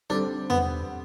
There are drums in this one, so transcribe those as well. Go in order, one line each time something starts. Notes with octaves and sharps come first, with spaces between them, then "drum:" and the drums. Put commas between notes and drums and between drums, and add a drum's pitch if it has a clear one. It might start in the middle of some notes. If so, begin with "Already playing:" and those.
D3 G3 C4 D4
B3, drum: tom E2